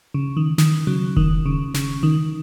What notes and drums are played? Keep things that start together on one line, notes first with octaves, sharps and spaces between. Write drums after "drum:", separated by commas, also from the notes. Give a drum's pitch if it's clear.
C#3
D#3
D#3, drum: snare
C#3 F#3
D#3, drum: kick E1
C#3
C#3, drum: snare
D#3